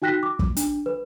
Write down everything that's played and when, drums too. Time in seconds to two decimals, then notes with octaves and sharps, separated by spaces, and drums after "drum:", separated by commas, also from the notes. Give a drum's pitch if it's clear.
0.02 D#4 F#4 G5 F#6 A#6 B6
0.23 D6
0.39 drum: kick
0.57 D4, drum: hi-hat
0.86 B4